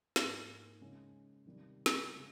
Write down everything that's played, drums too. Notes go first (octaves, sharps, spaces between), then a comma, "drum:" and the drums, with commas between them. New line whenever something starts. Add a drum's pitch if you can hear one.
G#2 F3 A#3 F4 G#4, drum: snare
C#3 G#3 C#4
C3 D#3 G3
drum: snare
C#3 G#3